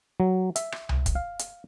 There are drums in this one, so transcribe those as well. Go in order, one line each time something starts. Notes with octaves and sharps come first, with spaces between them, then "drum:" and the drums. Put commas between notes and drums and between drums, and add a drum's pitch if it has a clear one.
F#3
E5, drum: hi-hat
drum: rim click
drum: tom C2
drum: kick, hi-hat
F5
drum: hi-hat